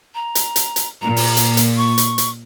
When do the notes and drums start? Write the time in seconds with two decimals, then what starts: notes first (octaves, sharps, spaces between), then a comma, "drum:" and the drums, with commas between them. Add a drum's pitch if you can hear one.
0.15 A#5
0.35 drum: hi-hat
0.56 drum: hi-hat
0.76 drum: hi-hat
1.02 A#2 A#5
1.16 drum: open hi-hat
1.37 drum: hi-hat
1.57 drum: hi-hat
1.77 C#6
1.98 drum: hi-hat
2.18 drum: hi-hat